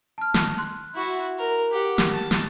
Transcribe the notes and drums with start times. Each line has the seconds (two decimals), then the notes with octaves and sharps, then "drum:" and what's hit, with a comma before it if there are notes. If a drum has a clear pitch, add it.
0.18 A5 F6
0.34 drum: snare
0.58 C6 F#6
0.95 E4 F#4
1.39 A#4
1.72 G4 F#5
1.98 drum: snare
2.12 A5
2.31 drum: snare